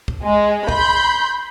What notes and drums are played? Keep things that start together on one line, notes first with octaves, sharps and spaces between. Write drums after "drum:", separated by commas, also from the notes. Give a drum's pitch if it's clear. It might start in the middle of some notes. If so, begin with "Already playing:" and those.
drum: kick
G#3
B5 C6 G6, drum: kick